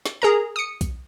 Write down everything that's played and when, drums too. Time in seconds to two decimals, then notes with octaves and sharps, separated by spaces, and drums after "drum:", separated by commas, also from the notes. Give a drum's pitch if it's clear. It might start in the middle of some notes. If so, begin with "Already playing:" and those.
0.06 drum: snare
0.22 G#4 A#4 A#5
0.56 D#6 C#7
0.81 drum: kick B1, hi-hat